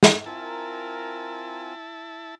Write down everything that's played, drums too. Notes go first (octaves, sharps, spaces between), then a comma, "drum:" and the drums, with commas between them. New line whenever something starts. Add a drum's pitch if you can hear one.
drum: snare
C4 E4 F4 A#4 G#5 A5